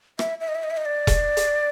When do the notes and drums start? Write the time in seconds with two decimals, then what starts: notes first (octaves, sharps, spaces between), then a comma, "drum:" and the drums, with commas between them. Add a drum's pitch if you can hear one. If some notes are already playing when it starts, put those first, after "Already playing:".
0.19 E5, drum: rim click
0.41 E5
0.48 D#5
0.55 E5
0.64 D#5
0.70 E5
0.77 D#5
0.85 D5
1.07 drum: kick E1, hi-hat
1.37 drum: hi-hat